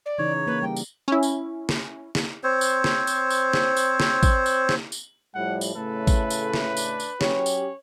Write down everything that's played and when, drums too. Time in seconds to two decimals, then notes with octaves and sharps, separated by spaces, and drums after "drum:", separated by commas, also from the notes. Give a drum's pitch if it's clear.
0.06 D5
0.18 C#3 E3 D#4 C#5
0.47 A#3 B4
0.62 G3 G5
0.76 drum: tambourine
1.08 C#4 E4
1.23 drum: tambourine
1.69 drum: snare
2.15 drum: snare
2.44 C4 C5 C#5
2.61 drum: tambourine
2.84 drum: snare
3.07 drum: tambourine
3.30 drum: tambourine
3.53 drum: snare
3.77 drum: tambourine
4.00 drum: snare
4.23 drum: kick, tambourine
4.46 drum: tambourine
4.69 drum: snare
4.92 drum: tambourine
5.35 A2 F3 G3 F#5
5.61 drum: tambourine
5.76 A2 C#3 A3 A4 B4
6.07 drum: kick, tambourine
6.30 drum: tambourine
6.54 drum: snare
6.77 D4, drum: tambourine
7.00 drum: tambourine
7.21 F#3 C#4 G4 C#5, drum: snare
7.46 drum: tambourine